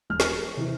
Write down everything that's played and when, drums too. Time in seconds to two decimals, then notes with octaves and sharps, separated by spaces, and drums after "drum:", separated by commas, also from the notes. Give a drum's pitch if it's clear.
0.10 E1 F6
0.20 drum: snare
0.57 C3 E3